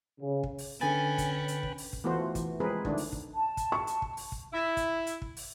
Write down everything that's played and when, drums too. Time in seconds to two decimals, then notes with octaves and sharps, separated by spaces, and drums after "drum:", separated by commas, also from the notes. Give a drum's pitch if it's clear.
0.21 C#3
0.43 drum: kick
0.58 drum: open hi-hat
0.81 D3 C#4 B4 G5 G#5 B5 A6
1.18 drum: kick, hi-hat
1.48 drum: hi-hat
1.63 drum: kick
1.78 drum: open hi-hat
1.93 drum: kick
2.04 E3 A3 B3 F4 F#4 C5
2.35 E3, drum: kick, hi-hat
2.60 F3 G#3 C4 G#4 A#4 B4
2.85 D3 D#3 A3 D4 E4, drum: kick
2.97 drum: open hi-hat
3.12 drum: kick
3.34 A5
3.57 drum: kick, hi-hat
3.72 C#6
3.87 drum: hi-hat
4.02 drum: kick
4.17 drum: open hi-hat
4.32 drum: kick
4.53 E4
4.77 drum: kick, hi-hat
5.07 drum: hi-hat
5.22 drum: kick
5.37 drum: open hi-hat